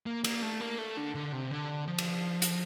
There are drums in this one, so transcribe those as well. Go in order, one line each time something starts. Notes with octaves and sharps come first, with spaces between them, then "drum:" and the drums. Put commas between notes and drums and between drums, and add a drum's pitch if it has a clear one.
A#3
A#3, drum: cymbal
A3
A#3
A3
D3
D3
C3
D3
F3
drum: cymbal
drum: hi-hat